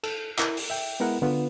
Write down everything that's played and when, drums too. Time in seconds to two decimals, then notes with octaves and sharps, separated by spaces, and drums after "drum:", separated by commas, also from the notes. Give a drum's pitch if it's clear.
0.04 A4, drum: cymbal
0.39 E4 A#4, drum: clap
0.57 drum: open hi-hat
0.70 E5 G5
1.00 G#3 B3 E4 A#4 F#5
1.22 D3 B3 F4 B4